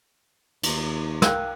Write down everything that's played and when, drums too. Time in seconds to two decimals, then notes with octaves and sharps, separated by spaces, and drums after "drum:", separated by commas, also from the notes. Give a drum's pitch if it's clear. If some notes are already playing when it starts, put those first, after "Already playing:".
0.63 D#2, drum: cymbal
1.22 A#4 F5 G5 F#6, drum: snare